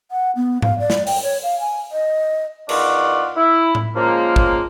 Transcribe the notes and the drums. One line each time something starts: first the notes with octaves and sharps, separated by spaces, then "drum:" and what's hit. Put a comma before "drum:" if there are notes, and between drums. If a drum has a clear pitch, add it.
F#5
B3
F5, drum: tom G#2
D5
drum: snare
G5, drum: open hi-hat
C#5
F5
G#5
D#5
E2 D#3 F4 D5 F#5 C#6, drum: cymbal
E4
drum: tom A2
C#3 F3 G#3 A#3
drum: kick